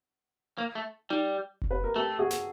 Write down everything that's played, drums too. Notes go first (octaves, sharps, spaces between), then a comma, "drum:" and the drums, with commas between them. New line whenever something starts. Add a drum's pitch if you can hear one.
A#3
A3
G3, drum: tom D#4
drum: kick F1
B4
A#4
A3 G4 A4
F#4 G#4
drum: snare